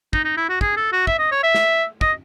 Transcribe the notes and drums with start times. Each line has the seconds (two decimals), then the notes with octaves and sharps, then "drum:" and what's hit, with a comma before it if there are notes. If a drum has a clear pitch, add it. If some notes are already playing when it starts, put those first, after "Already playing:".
0.13 D#4, drum: kick
0.25 D#4
0.37 E4
0.49 F#4
0.61 G#4, drum: kick
0.77 A4
0.92 F#4
1.07 E5, drum: kick
1.19 D#5
1.31 C#5
1.43 E5
1.55 drum: snare
2.01 D#5, drum: kick